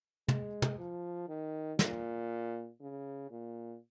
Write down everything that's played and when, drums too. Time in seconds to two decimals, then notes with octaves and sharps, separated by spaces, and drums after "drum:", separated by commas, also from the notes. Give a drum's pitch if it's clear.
0.28 G#3, drum: tom
0.62 drum: tom
0.79 F3
1.28 D#3
1.79 A#2, drum: snare
2.81 C#3
3.31 A#2